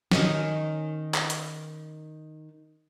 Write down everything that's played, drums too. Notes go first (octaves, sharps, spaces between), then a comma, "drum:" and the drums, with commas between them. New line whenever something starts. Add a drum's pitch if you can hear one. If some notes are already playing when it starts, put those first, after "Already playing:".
D#3 C#4, drum: snare
drum: clap
drum: hi-hat